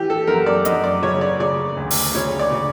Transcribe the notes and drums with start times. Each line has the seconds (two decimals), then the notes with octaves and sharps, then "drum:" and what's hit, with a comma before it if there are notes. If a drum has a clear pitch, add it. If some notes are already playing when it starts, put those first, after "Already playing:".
Already playing: E3 G4
0.10 A4
0.27 F#2 A#4
0.46 D5
0.65 F#2 D#5, drum: hi-hat
0.84 D5
1.02 C#3 C#5
1.21 D5
1.40 C#3 D5
1.77 D2
1.91 drum: open hi-hat
2.14 C#3 C#5
2.40 D5
2.52 C#3